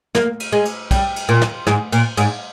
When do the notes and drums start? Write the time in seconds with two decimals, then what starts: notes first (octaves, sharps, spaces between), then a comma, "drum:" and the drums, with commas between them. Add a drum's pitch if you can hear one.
0.15 A#3, drum: snare
0.40 drum: cymbal
0.52 G#3
0.65 drum: cymbal
0.91 G3, drum: kick, cymbal
1.16 drum: cymbal
1.29 A#2
1.42 drum: snare
1.67 G#2, drum: snare
1.92 A#2, drum: cymbal
2.17 G#2, drum: cymbal